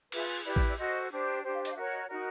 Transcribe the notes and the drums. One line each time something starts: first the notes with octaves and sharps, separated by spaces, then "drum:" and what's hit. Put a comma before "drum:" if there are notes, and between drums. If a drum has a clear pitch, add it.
F4 G#4 B4 E5, drum: cymbal
E4 G4 B4 D5
D5, drum: kick A1
D5
F#4 A4 C5 D#5
D4 G4 C5
D4 G4 C5
F5
D#5, drum: hi-hat
F5
F#4 A#4 C#5 E5
D#5
D#4 F#4 A#4 D5